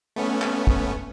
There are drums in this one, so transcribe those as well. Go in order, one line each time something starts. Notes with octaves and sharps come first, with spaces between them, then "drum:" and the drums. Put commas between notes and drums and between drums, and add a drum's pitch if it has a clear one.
A3 B3 C#4
drum: clap
drum: kick